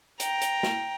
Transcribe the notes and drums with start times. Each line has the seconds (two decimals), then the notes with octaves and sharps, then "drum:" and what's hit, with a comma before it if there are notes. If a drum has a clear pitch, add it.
0.20 G5 A#5, drum: hi-hat
0.42 drum: hi-hat
0.63 drum: snare